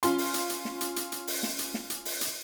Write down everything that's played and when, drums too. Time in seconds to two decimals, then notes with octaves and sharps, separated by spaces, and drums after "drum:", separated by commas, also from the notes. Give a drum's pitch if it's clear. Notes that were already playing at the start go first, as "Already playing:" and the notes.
0.03 C#4 F4 C6, drum: hi-hat
0.18 drum: open hi-hat
0.34 drum: hi-hat
0.49 drum: hi-hat
0.65 drum: snare
0.81 drum: hi-hat
0.96 drum: hi-hat
1.12 drum: hi-hat
1.27 drum: open hi-hat
1.43 drum: snare
1.59 drum: hi-hat
1.74 drum: snare
1.90 drum: hi-hat
2.05 drum: open hi-hat
2.21 drum: hi-hat